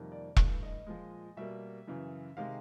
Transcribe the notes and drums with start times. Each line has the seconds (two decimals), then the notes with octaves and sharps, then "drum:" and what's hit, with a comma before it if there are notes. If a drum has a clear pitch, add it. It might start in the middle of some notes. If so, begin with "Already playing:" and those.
Already playing: F2 C3 D#3 G3 A#3
0.12 D5
0.36 G2 E3 A3, drum: kick E1
0.63 D#5
0.87 A#2 F3 G#3
1.37 B2 G3 A#3 E5
1.87 F#2 C#3 E3
2.37 C3 D#3 G#3 F5